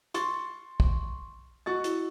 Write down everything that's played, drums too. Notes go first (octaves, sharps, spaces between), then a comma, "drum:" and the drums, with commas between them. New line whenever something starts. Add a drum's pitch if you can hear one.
C6 C#6 A6, drum: hi-hat
drum: kick
F#4 D#5 C#6 A6
E4, drum: hi-hat